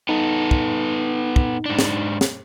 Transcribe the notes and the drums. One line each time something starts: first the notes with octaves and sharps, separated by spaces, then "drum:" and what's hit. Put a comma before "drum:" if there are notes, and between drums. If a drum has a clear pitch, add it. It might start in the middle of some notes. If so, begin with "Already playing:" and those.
B3 D#4 A4
drum: kick
drum: kick
G#2 D4
drum: snare
drum: snare